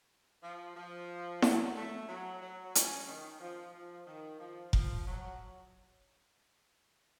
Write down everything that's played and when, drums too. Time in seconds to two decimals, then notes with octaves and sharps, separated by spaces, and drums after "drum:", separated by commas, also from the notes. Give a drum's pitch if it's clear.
0.43 F3
0.76 F3
1.42 F#3, drum: snare E4
1.75 A3
2.08 F#3
2.42 F#3
2.75 C#4, drum: hi-hat
3.08 D#3
3.41 F3
3.74 F3
4.07 D#3
4.40 F3
4.73 F3, drum: kick F1
5.07 F#3